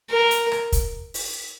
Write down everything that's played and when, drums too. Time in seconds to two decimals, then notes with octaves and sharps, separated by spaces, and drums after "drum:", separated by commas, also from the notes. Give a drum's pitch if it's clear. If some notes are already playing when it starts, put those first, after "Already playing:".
0.10 A#4
0.31 drum: hi-hat
0.52 drum: rim click
0.72 drum: kick, hi-hat
1.14 drum: open hi-hat